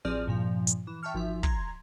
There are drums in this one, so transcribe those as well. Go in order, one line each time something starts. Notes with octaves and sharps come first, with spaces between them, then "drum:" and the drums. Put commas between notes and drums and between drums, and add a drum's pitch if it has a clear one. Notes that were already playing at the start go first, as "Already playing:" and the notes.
A1 F3 C4 G#4 D5 F6
G2 A#2 F3
drum: hi-hat
E3
E5 G5 A5 C#6 F6
G#1 F3 E5
A#5 C6 G#6, drum: kick